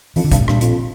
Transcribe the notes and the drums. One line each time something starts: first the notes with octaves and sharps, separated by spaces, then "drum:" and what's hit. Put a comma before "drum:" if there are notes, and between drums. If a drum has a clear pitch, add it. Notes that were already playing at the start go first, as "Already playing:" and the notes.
F2 E3, drum: open hi-hat
D3
G2 C3, drum: kick, hi-hat
A2
G2 A#2, drum: rim click
F2, drum: hi-hat